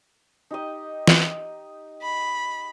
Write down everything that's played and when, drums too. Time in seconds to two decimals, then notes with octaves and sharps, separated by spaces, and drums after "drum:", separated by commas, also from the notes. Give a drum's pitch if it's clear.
0.51 D#4 G4 D#5
1.07 drum: snare
2.02 B5